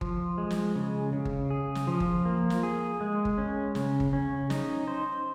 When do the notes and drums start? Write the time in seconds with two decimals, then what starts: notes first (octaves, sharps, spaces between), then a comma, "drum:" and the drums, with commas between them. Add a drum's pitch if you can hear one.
0.01 F3, drum: kick G1
0.38 G#3
0.50 drum: snare
0.76 C#3
1.13 C#3
1.25 drum: kick G1
1.50 G#4
1.75 drum: snare
1.87 F3
2.00 drum: kick G1
2.25 A#3
2.50 drum: snare
2.63 G#4
3.01 G#3
3.25 drum: kick G1
3.38 C#4
3.75 C#3, drum: snare
4.00 drum: kick G1
4.13 C#4
4.50 D#4, drum: snare
4.88 C5